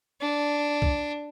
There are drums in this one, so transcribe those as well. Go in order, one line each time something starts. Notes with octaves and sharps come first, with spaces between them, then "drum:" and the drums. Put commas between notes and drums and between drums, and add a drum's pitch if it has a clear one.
D4
drum: kick C2